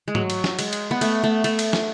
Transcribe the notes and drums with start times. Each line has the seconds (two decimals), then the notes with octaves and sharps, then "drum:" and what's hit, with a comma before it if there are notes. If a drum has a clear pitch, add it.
0.08 G#3
0.15 F#3, drum: tom G#2
0.30 drum: cymbal
0.44 drum: snare
0.59 G#3, drum: cymbal
0.73 drum: cymbal
0.91 B3
1.01 A3, drum: cymbal
1.24 A3
1.44 A3, drum: cymbal
1.59 drum: cymbal
1.73 drum: snare